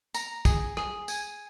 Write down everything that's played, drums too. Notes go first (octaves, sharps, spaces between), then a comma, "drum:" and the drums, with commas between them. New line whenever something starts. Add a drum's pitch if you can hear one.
A#5, drum: tambourine
G#4, drum: kick, tambourine
G#4, drum: rim click
G#5, drum: tambourine